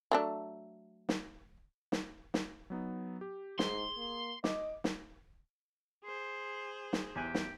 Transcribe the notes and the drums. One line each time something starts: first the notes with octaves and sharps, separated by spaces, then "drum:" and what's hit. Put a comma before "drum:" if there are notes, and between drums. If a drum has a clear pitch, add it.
F#3 A3 D4
drum: snare
drum: snare
drum: snare
F#3 B3 D#4
G4
G#2 G#4 C6, drum: snare
A#3
D#5 D6, drum: snare
drum: snare
G#4 C5 C6
drum: snare
E2 G4 G#5 F#6
drum: snare